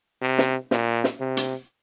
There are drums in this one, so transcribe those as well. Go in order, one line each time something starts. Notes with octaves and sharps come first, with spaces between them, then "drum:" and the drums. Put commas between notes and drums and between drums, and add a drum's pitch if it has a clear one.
C3
drum: snare
A#2, drum: snare
drum: snare
C3
drum: hi-hat